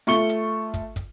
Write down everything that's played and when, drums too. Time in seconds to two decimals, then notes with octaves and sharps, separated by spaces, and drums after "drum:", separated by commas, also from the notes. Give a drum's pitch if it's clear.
0.07 A3 F4 C#6 C#7 G7, drum: hi-hat
0.29 drum: hi-hat
0.74 drum: kick, hi-hat
0.96 drum: kick, hi-hat